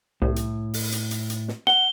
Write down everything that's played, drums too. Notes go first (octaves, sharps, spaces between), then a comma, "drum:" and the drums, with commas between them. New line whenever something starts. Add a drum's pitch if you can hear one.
C2 A2
drum: hi-hat
drum: open hi-hat
drum: hi-hat
drum: hi-hat
drum: hi-hat
drum: snare
F#5 G7, drum: snare